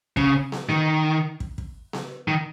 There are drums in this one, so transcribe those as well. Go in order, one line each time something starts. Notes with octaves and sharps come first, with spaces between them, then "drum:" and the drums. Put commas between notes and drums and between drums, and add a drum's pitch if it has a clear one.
C#3, drum: kick
drum: snare B3
D#3
drum: kick
drum: kick
drum: snare B3
D#3